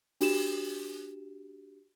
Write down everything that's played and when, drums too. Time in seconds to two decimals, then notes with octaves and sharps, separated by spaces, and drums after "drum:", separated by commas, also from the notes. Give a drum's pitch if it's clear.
0.21 D4 F#4 G4 E7, drum: open hi-hat